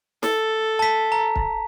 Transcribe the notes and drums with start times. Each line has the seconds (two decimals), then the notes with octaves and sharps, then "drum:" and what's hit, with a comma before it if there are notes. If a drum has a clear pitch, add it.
0.23 A4, drum: snare
0.79 A5 B6
1.12 A#5
1.36 drum: kick